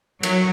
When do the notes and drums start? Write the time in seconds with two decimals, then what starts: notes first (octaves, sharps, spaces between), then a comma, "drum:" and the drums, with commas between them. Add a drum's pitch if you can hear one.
0.23 F#3, drum: cymbal